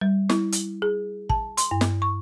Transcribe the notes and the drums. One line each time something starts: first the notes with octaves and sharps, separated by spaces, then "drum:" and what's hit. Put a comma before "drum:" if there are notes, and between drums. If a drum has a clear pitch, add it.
G3
E4, drum: snare
drum: hi-hat
G#4
A5, drum: kick
C6, drum: hi-hat
G2
drum: snare
C#6